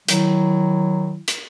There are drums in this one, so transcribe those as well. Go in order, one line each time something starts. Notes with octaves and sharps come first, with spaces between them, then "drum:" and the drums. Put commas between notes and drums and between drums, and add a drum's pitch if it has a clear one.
D#3 F#3 E4, drum: hi-hat
drum: hi-hat